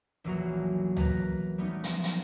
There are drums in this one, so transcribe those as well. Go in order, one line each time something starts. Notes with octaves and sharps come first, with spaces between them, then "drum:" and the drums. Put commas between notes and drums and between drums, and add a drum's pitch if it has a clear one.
A#1 E2 E3 F#3 F#4 A#5
A#4 B4 A#5 A#6, drum: tom C#2
F#3 G3 A3 B3 C#4 D#4
F3 B3, drum: hi-hat
drum: hi-hat